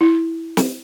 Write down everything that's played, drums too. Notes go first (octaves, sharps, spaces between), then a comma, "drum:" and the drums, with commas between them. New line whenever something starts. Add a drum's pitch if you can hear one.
E4
drum: snare